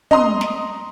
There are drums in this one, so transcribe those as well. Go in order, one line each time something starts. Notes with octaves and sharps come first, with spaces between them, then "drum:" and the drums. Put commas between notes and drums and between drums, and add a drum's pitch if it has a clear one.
D#5 A#5 C6 D#6, drum: tom
drum: snare